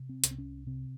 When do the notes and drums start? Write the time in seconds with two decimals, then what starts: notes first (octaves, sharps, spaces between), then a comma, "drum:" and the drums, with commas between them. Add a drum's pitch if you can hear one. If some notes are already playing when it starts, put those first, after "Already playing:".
Already playing: C3
0.09 C4
0.24 C2, drum: hi-hat
0.31 C4
0.38 C#4
0.67 C3 C4